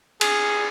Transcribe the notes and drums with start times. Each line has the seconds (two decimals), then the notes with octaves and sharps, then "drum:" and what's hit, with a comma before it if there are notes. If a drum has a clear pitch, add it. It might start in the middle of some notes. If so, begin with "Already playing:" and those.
0.21 G#4, drum: cymbal